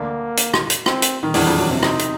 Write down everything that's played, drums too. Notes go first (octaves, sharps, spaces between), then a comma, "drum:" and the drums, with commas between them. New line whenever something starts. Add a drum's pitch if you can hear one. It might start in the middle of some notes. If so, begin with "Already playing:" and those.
Already playing: D2 D3 A#3
drum: hi-hat
drum: rim click
drum: hi-hat
C4, drum: rim click
drum: hi-hat
D#3
E2 E3 D4, drum: open hi-hat
F2 F3
F#2 F#3
C3 C4
C3 C4 D#4, drum: rim click
drum: hi-hat